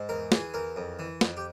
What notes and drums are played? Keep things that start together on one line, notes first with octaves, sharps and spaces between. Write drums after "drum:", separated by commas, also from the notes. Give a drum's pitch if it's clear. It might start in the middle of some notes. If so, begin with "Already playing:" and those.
Already playing: G#2
E2 A#4
E3 G#4, drum: snare
E2 A#4
F2
E3
F2, drum: snare
G4